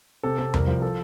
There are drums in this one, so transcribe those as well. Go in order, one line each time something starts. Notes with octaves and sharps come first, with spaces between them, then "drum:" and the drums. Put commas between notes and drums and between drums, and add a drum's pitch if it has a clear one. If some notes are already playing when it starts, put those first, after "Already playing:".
C3 A4
C3 A4
C2 A#4, drum: tom E2
F3
A4